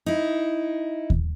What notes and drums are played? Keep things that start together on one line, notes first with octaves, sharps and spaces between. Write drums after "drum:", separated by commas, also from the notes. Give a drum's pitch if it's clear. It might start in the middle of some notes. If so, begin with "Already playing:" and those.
D#4 E4
drum: kick D#2